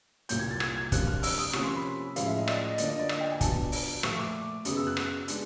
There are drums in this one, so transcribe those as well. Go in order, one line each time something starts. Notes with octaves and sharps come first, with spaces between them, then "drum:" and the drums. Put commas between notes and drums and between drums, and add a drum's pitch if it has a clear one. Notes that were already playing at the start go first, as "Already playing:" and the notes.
C2 A#2 F#3 A#3 G6, drum: hi-hat
G#6
A6
G#6, drum: rim click
G#6
C3 F3 A#3 D4 F4 F#6, drum: kick, hi-hat
F6
E6, drum: open hi-hat
D#6
C3 F3 A#3 C#4 F4 C#6, drum: rim click
C6
B5
A2 F3 G#3 C#4 F5, drum: hi-hat
E5
D#5
D5, drum: rim click
D#5
D3 F#3 A#3 D4 F4 D5, drum: hi-hat
D#5
D5
D#5, drum: rim click
G5
G#5
B2 F#3 B3 D4 F4 A5, drum: kick, hi-hat
drum: open hi-hat
A#2 F3 A3 C#6, drum: rim click
D6
F#2 C#3 F#3 B3 D#6, drum: hi-hat
E6
F#6
drum: rim click
G#3 B3 D4, drum: hi-hat